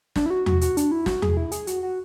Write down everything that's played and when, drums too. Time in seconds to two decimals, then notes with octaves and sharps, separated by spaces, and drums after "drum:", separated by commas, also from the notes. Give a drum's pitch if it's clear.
0.16 D4, drum: snare
0.26 E4
0.30 F#4
0.46 F#4, drum: tom E2
0.61 F#4, drum: hi-hat
0.77 D4, drum: hi-hat
0.92 E4
1.06 F#4, drum: snare
1.22 G#4, drum: tom E2
1.37 E4
1.52 G#4, drum: hi-hat
1.67 F#4, drum: hi-hat
1.83 F#4